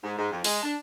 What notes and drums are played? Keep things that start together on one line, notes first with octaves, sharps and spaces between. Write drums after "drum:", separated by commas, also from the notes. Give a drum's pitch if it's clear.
G#2
G#2
F2
G#3, drum: open hi-hat
D4